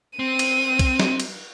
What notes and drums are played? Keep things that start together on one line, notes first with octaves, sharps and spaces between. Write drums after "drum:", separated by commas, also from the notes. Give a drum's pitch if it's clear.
C4 D#7
drum: cymbal
drum: kick, cymbal
drum: snare
drum: cymbal